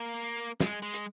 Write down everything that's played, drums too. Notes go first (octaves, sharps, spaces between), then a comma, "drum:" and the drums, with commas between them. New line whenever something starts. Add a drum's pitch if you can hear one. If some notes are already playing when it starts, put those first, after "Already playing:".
Already playing: A#3
G#3, drum: snare
G#3
drum: hi-hat